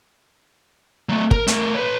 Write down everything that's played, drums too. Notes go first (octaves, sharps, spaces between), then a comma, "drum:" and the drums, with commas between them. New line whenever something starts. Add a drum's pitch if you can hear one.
F#3 A3
A#4, drum: kick
A3 A#4, drum: hi-hat
B4 C#5